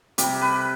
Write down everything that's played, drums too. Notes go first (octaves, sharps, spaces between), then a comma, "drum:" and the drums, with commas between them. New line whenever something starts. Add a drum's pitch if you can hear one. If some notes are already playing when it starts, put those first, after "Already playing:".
C3 G3 G4, drum: hi-hat
B4